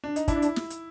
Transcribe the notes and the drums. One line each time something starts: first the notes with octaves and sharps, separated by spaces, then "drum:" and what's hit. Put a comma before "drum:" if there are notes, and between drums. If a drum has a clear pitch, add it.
D4
D#4, drum: hi-hat
D4 E4, drum: kick, hi-hat
drum: hi-hat
drum: snare
drum: hi-hat